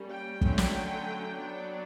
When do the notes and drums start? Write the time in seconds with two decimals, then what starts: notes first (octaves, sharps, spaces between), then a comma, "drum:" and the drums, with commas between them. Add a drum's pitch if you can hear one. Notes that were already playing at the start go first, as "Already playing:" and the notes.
Already playing: G3 A#3 C#4
0.11 G5
0.41 D3 F#3 A3 C#4, drum: kick
0.58 drum: snare
1.35 F#3 B3 D4